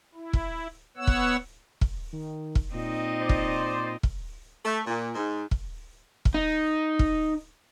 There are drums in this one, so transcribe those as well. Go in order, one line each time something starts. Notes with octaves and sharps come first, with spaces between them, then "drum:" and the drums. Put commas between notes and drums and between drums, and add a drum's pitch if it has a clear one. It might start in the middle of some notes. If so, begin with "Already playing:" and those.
E4
drum: kick
B3 C#5 F#5 E6
drum: kick
drum: kick
D#3
drum: kick
A#2 C4 D#4 D#5
C5 D5
drum: kick
drum: kick
A3
A#2
G#2
drum: kick
drum: kick
D#4
drum: kick